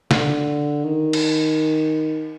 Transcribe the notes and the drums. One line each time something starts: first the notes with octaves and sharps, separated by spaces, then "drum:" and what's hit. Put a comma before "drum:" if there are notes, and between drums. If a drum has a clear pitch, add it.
D3, drum: snare
D#3
drum: cymbal